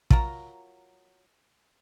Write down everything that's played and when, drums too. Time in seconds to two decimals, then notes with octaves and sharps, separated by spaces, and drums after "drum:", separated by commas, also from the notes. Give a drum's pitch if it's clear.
0.10 F#3 F4 A#4 A#5, drum: kick